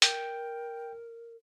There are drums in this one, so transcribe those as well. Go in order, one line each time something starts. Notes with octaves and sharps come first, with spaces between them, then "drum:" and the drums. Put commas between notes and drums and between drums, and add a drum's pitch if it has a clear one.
A#4 G5, drum: hi-hat